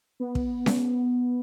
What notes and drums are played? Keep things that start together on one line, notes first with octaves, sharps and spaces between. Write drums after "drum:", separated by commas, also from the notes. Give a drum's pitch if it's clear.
B3
drum: kick
drum: snare C#4